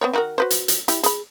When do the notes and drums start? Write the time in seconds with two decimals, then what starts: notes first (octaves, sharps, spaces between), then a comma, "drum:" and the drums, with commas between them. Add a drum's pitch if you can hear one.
0.01 B3 C4 C#5
0.13 D#3 F#4 A#4
0.38 F#4 B4 C5
0.51 drum: hi-hat
0.68 drum: hi-hat
0.88 E4 G4, drum: hi-hat
1.03 G#4 B5, drum: hi-hat